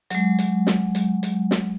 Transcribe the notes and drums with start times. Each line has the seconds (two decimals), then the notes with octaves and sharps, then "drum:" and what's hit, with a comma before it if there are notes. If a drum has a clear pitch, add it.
0.10 F#3 G#3, drum: hi-hat
0.39 drum: hi-hat
0.67 drum: snare
0.95 drum: hi-hat
1.23 drum: hi-hat
1.51 drum: snare